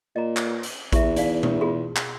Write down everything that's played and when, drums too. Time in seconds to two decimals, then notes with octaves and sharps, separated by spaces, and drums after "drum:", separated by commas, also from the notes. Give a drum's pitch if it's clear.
0.16 A#2 D#5 A#5
0.37 drum: clap
0.47 B4
0.63 drum: hi-hat
0.93 E2 E5 C#6, drum: kick A1, hi-hat
1.16 D#4 D5 F5, drum: hi-hat
1.43 drum: tom B2
1.61 F4 G#4 C6
1.96 drum: clap